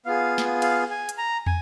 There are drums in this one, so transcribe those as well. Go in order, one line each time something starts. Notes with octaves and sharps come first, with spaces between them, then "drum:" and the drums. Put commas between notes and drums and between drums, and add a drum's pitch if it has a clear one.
B3 F4 G#4 F5
drum: snare
F5, drum: cymbal
G#5
drum: hi-hat
A#5
G#5, drum: tom